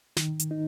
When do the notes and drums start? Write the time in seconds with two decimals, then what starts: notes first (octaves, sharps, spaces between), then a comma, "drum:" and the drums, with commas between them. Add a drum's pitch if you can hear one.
0.17 D#3, drum: snare
0.40 drum: hi-hat
0.51 D#4